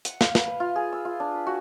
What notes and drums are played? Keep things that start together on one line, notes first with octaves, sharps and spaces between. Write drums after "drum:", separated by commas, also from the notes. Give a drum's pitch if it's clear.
F#5, drum: hi-hat
F5, drum: snare
B4, drum: snare
B4
F4
G#4
E6
F4
D4
B5
F#4